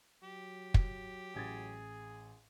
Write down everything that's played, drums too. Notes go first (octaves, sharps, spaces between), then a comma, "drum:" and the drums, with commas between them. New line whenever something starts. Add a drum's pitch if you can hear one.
F#3 G4
drum: kick
A1 G#4 G#6 A6